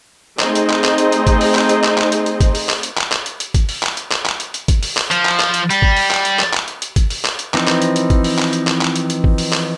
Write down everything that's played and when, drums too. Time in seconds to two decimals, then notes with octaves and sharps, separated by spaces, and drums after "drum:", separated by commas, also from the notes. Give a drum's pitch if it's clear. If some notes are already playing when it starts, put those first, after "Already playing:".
0.39 A3 C4 D#4 G#4 C5 D#5, drum: clap
0.55 drum: hi-hat
0.70 drum: clap
0.84 drum: clap
0.98 drum: hi-hat
1.12 drum: hi-hat
1.27 drum: kick, hi-hat
1.41 drum: open hi-hat
1.55 drum: clap
1.69 drum: hi-hat
1.84 drum: clap
1.98 drum: clap
2.12 drum: hi-hat
2.26 drum: hi-hat
2.41 drum: kick, hi-hat
2.55 drum: open hi-hat
2.69 drum: clap
2.83 drum: hi-hat
2.97 drum: clap
3.12 drum: clap
3.26 drum: hi-hat
3.40 drum: hi-hat
3.54 drum: kick, hi-hat
3.69 drum: open hi-hat
3.83 drum: clap
3.97 drum: hi-hat
4.11 drum: clap
4.26 drum: clap
4.40 drum: hi-hat
4.54 drum: hi-hat
4.68 drum: kick, hi-hat
4.83 drum: open hi-hat
4.97 drum: clap
5.11 F3, drum: hi-hat
5.25 drum: clap
5.40 drum: clap
5.54 drum: hi-hat
5.70 G3, drum: hi-hat
5.82 drum: kick
5.97 drum: open hi-hat
6.11 drum: clap
6.25 drum: hi-hat
6.39 drum: clap
6.53 drum: clap
6.68 drum: hi-hat
6.82 drum: hi-hat
6.96 drum: kick, hi-hat
7.10 drum: open hi-hat
7.25 drum: clap
7.39 drum: hi-hat
7.54 E3 F3 C4 D#4, drum: clap
7.67 drum: clap
7.82 drum: hi-hat
7.96 drum: hi-hat
8.10 drum: kick, hi-hat
8.24 drum: open hi-hat
8.39 drum: clap
8.53 drum: hi-hat
8.67 drum: clap
8.81 drum: clap
8.96 drum: hi-hat
9.10 drum: hi-hat
9.24 drum: kick
9.38 drum: open hi-hat
9.53 drum: clap